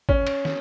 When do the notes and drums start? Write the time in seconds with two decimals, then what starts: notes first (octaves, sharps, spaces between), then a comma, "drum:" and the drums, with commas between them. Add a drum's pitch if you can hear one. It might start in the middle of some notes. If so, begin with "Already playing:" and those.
0.09 C#4, drum: kick G#1
0.27 drum: cymbal
0.45 drum: snare